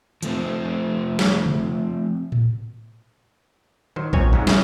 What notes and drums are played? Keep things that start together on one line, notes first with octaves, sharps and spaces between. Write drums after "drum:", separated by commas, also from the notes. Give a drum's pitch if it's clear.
F3 A3 C4, drum: hi-hat
drum: snare
drum: tom C#3
drum: tom A2
D#3 F#3 C5
F#2 A#2 C4 C#5 G#5, drum: kick
G#2 C#3 F#3 G#3
C#3 C4 E4 G#4, drum: snare